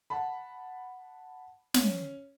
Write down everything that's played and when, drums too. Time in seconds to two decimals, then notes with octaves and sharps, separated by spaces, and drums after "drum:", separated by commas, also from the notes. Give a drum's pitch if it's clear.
0.10 F#5 A5 B5
1.74 C#4, drum: snare